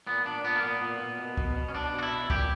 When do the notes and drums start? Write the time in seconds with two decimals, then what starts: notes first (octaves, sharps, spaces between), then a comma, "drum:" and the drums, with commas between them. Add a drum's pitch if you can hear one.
0.07 A#2 B3
0.25 A#2 D4
0.44 A#2 B3
0.55 A#3
0.63 A#2 B3
0.81 A#2
1.00 A#2
1.18 B2
1.37 B2, drum: kick
1.56 B2
1.68 C#4
1.74 B2 D4
1.93 B2
1.98 F#4
2.03 E4
2.12 B2
2.30 A#2 G4, drum: kick